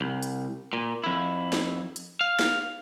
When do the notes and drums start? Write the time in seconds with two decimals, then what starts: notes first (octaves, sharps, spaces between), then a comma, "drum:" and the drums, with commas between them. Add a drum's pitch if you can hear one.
0.01 C2
0.23 drum: hi-hat
0.73 A#2
1.04 F2 E4
1.53 drum: snare
1.96 drum: hi-hat
2.21 F5
2.39 drum: snare